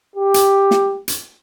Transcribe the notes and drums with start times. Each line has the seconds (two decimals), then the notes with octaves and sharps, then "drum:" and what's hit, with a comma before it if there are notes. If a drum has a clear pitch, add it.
0.16 G4
0.34 drum: hi-hat
0.71 drum: snare
1.08 drum: hi-hat